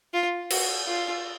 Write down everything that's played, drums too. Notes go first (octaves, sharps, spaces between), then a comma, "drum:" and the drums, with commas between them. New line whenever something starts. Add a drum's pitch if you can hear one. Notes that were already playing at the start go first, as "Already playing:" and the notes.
F4
F#4, drum: cymbal
F4